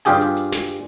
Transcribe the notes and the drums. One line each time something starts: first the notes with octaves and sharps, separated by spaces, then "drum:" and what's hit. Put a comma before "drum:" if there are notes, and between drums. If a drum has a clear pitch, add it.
G2 G3 F4 G4 G#4 G#5, drum: hi-hat
drum: hi-hat
drum: hi-hat
drum: snare
drum: hi-hat